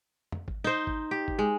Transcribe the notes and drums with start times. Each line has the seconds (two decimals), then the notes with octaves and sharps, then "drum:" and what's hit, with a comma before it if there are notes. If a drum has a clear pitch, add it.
0.32 drum: tom
0.48 drum: kick G#1
0.64 D#4 C5
0.87 drum: kick G#1
1.11 G4
1.28 drum: kick G#1
1.39 G#3